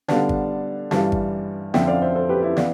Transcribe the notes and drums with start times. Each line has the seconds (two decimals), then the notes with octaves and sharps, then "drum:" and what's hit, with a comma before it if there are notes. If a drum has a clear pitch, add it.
0.08 D3 G3 B3 D4 F5 A5, drum: snare
0.29 drum: kick G#1
0.91 G2 E3 G3 F5 A5, drum: snare
1.12 drum: kick G#1
1.74 F2 D3 F3 C4 E5 G5, drum: snare
1.88 D5 F5
2.02 C5 E5
2.15 A4 C5
2.29 G4 B4
2.43 E4 G4
2.57 E3 B3 D5 F5, drum: snare